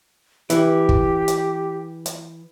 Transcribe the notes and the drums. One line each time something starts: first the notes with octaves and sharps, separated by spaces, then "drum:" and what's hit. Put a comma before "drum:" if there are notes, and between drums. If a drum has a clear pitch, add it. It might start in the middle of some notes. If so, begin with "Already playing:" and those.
E3 G4, drum: hi-hat
drum: kick
drum: hi-hat
drum: hi-hat